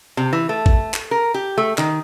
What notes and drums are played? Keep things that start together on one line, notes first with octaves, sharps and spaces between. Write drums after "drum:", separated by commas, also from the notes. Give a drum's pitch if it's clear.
C3
E3
A3
drum: kick
drum: clap
A#4
G4
A3
D#3, drum: clap